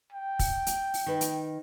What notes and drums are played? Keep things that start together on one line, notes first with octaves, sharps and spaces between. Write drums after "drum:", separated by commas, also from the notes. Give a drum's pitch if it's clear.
G5
drum: kick, open hi-hat
drum: hi-hat
drum: open hi-hat
D#3 B4
drum: hi-hat